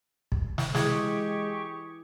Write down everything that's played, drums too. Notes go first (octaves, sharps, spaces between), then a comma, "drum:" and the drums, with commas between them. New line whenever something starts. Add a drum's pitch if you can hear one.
drum: kick
drum: snare
E3 G#3 G4 G#4 C#6 D#6 G#6, drum: snare